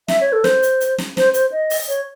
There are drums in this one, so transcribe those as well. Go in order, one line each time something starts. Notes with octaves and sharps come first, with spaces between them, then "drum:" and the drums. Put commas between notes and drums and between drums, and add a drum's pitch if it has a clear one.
E5, drum: snare
C#5
A4
C5, drum: snare
drum: hi-hat
drum: hi-hat
drum: snare
C5, drum: snare
C5, drum: hi-hat
D#5
drum: open hi-hat
C#5